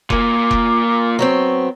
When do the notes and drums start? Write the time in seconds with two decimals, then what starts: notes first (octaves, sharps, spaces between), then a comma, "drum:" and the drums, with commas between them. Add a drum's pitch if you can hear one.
0.10 A#2 A#3 D6, drum: kick F1
0.51 drum: kick F1
1.19 F#3 B3 C4 C#6